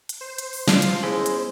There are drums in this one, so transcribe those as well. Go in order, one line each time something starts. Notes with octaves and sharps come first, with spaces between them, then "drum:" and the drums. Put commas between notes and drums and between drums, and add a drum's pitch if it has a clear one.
drum: hi-hat
C5
drum: hi-hat
drum: open hi-hat
F4 A5, drum: snare
drum: hi-hat
G#3 B3 C#4 E4
drum: hi-hat